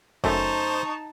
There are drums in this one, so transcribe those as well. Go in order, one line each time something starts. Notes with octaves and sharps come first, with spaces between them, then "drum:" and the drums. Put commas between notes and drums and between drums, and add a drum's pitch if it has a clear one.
F#2 A3 D#4 C5 A5 C#6, drum: kick F#1